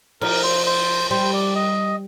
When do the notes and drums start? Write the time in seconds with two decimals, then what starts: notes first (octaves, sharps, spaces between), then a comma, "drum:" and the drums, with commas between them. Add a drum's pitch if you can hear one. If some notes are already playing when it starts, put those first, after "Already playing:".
0.21 F3 A#4, drum: cymbal
0.43 C5
0.66 C5
1.11 G3 C5
1.34 D5
1.55 D#5